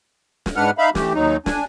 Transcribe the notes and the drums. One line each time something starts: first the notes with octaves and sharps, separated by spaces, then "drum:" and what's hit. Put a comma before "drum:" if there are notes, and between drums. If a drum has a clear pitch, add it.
drum: snare
G#2 G#3 D4 B4 F#5 F6
D#4 E5 F5 B5
E3 A3 G4, drum: snare
D#2 F#3 D#4
D4 G#5, drum: snare